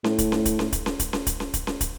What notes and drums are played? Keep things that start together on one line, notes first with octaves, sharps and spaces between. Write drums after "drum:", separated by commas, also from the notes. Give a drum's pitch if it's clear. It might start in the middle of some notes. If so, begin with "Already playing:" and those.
A2, drum: snare C#4
drum: kick, hi-hat
drum: snare C#4
drum: kick, hi-hat
drum: snare C#4
drum: kick, hi-hat
drum: snare C#4
drum: kick, hi-hat
drum: snare C#4
drum: kick, hi-hat
drum: snare C#4
drum: kick, hi-hat
drum: snare C#4
drum: kick, hi-hat